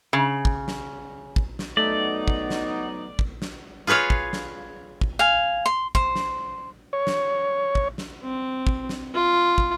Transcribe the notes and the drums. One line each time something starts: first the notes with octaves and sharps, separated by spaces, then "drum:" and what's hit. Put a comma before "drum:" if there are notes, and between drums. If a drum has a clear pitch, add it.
C#3
drum: kick
drum: snare
drum: kick
drum: snare
F#3 A3 B3 D#4 D5
drum: kick
drum: snare
drum: kick
drum: snare
F4 G#4 B4 C#5 F5
drum: kick
drum: snare
drum: kick
F5 G#5
C6
C5, drum: kick
drum: snare
C#5
drum: snare
drum: kick
drum: snare
C4
drum: kick
drum: snare
F4
drum: kick